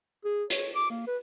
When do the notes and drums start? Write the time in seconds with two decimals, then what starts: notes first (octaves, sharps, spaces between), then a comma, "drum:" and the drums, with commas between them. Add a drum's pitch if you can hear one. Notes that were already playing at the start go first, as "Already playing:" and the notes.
0.25 G#4
0.50 C#5, drum: hi-hat
0.75 D6
0.90 A#3
1.07 B4